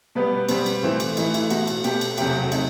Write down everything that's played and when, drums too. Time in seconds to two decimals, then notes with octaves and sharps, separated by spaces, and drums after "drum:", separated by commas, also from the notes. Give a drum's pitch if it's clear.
0.15 B2 G3 B3 B4
0.49 B2 G3 B3 C4, drum: cymbal
0.66 drum: cymbal
0.82 A2 E3 A3 C4
1.00 drum: cymbal
1.17 A2 E3 A3 D#4, drum: cymbal
1.34 E4, drum: cymbal
1.50 B2 A3 F#4, drum: cymbal
1.67 drum: cymbal
1.84 B2 A3 G4, drum: cymbal
2.01 drum: cymbal
2.18 E2 C3 F#3 A3 G4, drum: cymbal
2.30 F#4
2.41 F#4
2.52 C3 F#3 A3 D#4, drum: cymbal